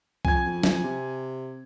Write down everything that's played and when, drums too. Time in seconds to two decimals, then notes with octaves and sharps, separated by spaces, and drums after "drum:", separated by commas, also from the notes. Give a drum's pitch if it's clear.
0.25 F2 G#5 G#6, drum: kick
0.46 F2
0.63 drum: snare
0.83 C3